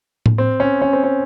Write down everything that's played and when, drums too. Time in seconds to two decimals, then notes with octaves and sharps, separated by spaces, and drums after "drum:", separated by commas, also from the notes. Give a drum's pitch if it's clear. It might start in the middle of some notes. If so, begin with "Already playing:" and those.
0.26 drum: tom A2
0.38 C4
0.60 C#4
0.82 C#4
0.93 C4
1.04 C#4